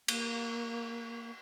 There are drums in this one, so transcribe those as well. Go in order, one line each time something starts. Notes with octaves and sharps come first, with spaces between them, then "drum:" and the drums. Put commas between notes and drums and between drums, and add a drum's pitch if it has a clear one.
A#3, drum: cymbal